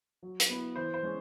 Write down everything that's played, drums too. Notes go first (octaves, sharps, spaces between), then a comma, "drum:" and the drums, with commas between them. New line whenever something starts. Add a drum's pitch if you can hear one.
F#3
drum: hi-hat
B3 E4
E3 C5
C5
G#3 C#4